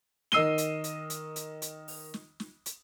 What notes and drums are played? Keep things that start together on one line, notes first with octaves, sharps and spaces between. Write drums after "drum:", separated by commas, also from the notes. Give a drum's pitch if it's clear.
D#3 D#5 E6 C7 D#7 G7, drum: snare
drum: hi-hat
drum: hi-hat
drum: hi-hat
drum: hi-hat
drum: hi-hat
drum: open hi-hat
drum: snare
drum: snare
drum: hi-hat